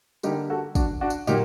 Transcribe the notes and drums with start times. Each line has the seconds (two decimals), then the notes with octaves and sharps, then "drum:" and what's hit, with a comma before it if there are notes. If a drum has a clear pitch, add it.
0.23 D3 G3 A#3 D#4 G4, drum: tambourine
0.50 F#4 A4
0.75 D4 F#4, drum: kick, tambourine
1.01 D4 F#4
1.10 drum: tambourine
1.27 A#2 F#3 A#3 D#4 G4, drum: tambourine